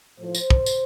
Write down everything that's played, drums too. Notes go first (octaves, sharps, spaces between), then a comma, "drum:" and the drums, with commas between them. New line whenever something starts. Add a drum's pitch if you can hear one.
A2 F3 C5
drum: tambourine
drum: kick
drum: tambourine